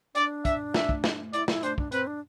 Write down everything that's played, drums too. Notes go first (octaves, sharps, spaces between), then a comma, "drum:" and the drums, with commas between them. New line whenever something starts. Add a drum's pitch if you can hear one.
D4 D5, drum: hi-hat
E5, drum: kick, hi-hat
E5, drum: snare
drum: kick
drum: snare
E4 D5, drum: hi-hat
E4, drum: snare
D4 C5, drum: hi-hat
D4, drum: kick
C4 B4, drum: hi-hat
D4